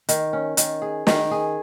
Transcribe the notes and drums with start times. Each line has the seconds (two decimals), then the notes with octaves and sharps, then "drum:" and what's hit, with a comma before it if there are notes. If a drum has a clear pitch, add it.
0.09 D#3, drum: hi-hat
0.33 C#4
0.57 D#3, drum: hi-hat
0.82 G#4
1.07 D#3, drum: snare
1.31 G#4